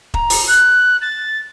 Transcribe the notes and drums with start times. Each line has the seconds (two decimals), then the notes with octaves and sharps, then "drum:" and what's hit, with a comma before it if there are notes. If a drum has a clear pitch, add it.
0.14 A#5, drum: kick E1
0.30 drum: open hi-hat
0.48 F#6
1.01 A6